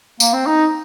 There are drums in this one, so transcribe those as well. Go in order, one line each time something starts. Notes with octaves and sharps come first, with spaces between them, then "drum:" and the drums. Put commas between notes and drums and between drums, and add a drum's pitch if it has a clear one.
A#3, drum: tambourine
C4
D#4